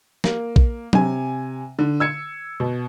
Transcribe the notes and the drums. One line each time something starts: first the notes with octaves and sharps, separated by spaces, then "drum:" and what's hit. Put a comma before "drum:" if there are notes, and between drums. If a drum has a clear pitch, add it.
A#3, drum: snare
drum: kick A#1
C3 G#5, drum: tom F#3
D3
E6 G#6 C#7
B2